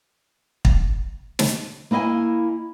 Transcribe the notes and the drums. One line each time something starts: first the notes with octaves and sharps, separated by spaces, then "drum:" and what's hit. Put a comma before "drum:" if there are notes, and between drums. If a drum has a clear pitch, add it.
drum: kick
drum: snare
A#3 E4 D#5 F5 G#5